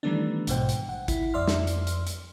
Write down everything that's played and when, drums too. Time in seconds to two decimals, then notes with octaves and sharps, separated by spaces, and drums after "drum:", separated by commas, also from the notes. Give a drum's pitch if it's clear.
0.03 D#3 E3 G3 A3 B3 D4
0.47 A#1 G#2 B2 C5 G5, drum: hi-hat
0.69 drum: hi-hat
0.89 F#5
1.08 E4, drum: kick A1, hi-hat
1.34 F2 D5 E5 C6 F6
1.48 drum: snare
1.67 drum: hi-hat
1.87 drum: hi-hat
2.07 drum: hi-hat